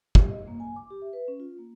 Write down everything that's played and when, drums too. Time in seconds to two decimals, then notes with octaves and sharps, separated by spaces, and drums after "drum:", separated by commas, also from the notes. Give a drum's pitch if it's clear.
0.15 G4, drum: kick
0.30 D#5
0.48 A#3
0.60 G#5
0.76 D6
0.91 G4
1.02 E5
1.13 B4
1.28 C#4
1.40 F4
1.58 A#3